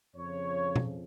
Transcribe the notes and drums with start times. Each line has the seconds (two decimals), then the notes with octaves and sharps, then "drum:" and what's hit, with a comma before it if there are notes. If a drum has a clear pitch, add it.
0.15 F2 C#3 F3 C#5
0.76 drum: tom B2